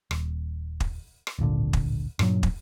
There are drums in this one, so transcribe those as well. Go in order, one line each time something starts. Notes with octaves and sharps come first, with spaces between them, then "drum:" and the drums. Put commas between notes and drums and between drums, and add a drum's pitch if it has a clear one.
D#1, drum: rim click
drum: kick
drum: rim click
D1 G#1 A#2 D3
drum: kick
G2 A#2 C#3 F#3, drum: rim click
drum: kick